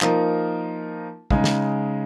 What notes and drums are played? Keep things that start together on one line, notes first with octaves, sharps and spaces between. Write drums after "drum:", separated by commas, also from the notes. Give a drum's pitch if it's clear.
F3 A#3 D#4 A#4, drum: clap
C#3 G#3 D#4, drum: kick
drum: snare